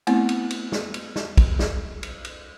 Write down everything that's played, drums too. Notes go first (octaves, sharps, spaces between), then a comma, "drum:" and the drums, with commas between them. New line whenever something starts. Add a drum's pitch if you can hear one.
A3 B3 C4 E4, drum: cymbal
drum: cymbal
drum: cymbal
drum: snare
drum: cymbal
drum: snare
drum: kick, cymbal
drum: snare
drum: cymbal
drum: cymbal